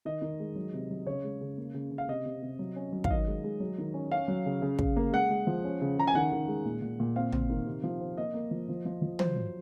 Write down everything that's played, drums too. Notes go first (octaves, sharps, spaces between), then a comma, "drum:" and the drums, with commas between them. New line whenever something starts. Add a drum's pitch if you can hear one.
D#3 D#5
D#3
G#3
F#3
C3
F#3
C#3 C#5
G#3
C#3
A#3
C#3
C#3
F5
C3 D#5
C3
C3
F#3
C#4
F#3
F5, drum: kick
D#3 D#5
G#3
G#3
F#3
D#3
C#4
C#4 F5
F#3
C#3
C#3
C#3, drum: kick
A#3
G#3 F#5
G#3
F3
C#4
C#3
C#3 A#5
G#5
D#3 F#5
D#3
G#3
A#2
A#2
A#2
C4 F5
C4, drum: tom
D#3
C3
F3
C4
A#3 D#5
A#3
F3
F3
F3
F3
F#3 C5, drum: tom
F#3